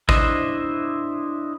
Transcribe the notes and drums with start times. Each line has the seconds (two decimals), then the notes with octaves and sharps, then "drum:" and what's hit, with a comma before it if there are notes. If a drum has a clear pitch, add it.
0.09 D4 E4 C5 D#5 E5, drum: kick